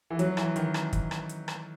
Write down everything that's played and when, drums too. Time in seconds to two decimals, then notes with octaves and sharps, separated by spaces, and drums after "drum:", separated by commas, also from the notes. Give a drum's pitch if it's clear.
0.10 E3
0.19 F#3, drum: hi-hat
0.37 E3, drum: rim click
0.56 D#3, drum: hi-hat
0.74 drum: rim click
0.93 drum: kick, hi-hat
1.11 drum: rim click
1.29 drum: hi-hat
1.48 drum: rim click